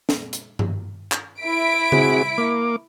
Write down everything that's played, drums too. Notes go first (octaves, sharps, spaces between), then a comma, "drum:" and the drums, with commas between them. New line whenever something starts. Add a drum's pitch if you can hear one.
drum: snare
drum: hi-hat
drum: tom G2
drum: clap
E4 B6 D7
C4 F#4 G#4, drum: tom C#3
A#3 D6